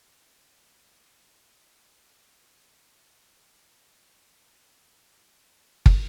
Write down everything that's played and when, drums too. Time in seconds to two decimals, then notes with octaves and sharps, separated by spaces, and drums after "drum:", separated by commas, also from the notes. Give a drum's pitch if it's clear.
0.10 D3
0.21 A#3
0.28 F2 C4
0.36 D4
0.43 D#4
0.50 D3 F4
0.70 F2
0.91 D3
1.12 G2
1.32 D3
1.52 G2
1.72 D3 G4
1.93 G2
2.14 D3
2.34 F2
2.54 D3
2.75 F2
2.85 C5
2.95 D3 A#4
3.16 F2
3.36 D3
3.56 F2
3.76 D#3
3.97 F2
4.09 D5
4.17 D#3 C5
4.38 F2 C5
4.58 C5
5.86 drum: kick